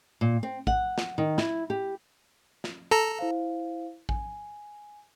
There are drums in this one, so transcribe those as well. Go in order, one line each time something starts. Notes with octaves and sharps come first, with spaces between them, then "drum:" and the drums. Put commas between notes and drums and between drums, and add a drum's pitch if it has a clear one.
A#2
C4
F#5, drum: kick A1
drum: snare
D#3
E4, drum: snare
G4
drum: snare
A4 A#5
E4 C5 F5
G#5, drum: kick A1